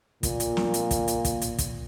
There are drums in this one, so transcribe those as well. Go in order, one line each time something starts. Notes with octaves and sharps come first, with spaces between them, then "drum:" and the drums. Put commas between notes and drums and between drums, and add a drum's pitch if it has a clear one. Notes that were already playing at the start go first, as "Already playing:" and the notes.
A#2, drum: kick, hi-hat
drum: hi-hat
drum: snare
drum: hi-hat
drum: kick, hi-hat
drum: hi-hat
drum: kick, hi-hat
drum: hi-hat
drum: kick, hi-hat